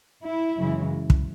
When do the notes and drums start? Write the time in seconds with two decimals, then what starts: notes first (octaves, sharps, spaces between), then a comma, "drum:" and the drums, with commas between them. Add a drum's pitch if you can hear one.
0.25 E4
0.59 F#2 C#3 E3 G#3
1.10 drum: kick